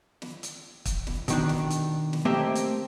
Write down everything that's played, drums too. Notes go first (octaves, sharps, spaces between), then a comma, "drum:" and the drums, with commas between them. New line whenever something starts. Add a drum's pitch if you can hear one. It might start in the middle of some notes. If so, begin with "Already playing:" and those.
drum: snare
drum: hi-hat
drum: kick, hi-hat
drum: snare
B2 D#3 D4, drum: hi-hat
drum: snare
drum: hi-hat
drum: snare
A3 A#3 C4 G4 D#5 E5
drum: hi-hat